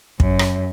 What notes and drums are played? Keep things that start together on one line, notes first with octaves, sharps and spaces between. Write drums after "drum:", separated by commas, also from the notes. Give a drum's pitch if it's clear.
F#2, drum: kick
drum: rim click